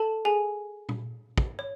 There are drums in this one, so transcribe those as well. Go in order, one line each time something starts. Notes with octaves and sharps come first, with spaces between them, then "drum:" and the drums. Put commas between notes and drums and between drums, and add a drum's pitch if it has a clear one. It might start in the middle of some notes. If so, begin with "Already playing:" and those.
Already playing: A4 A5
G#4 G#5
drum: tom
drum: kick
C#5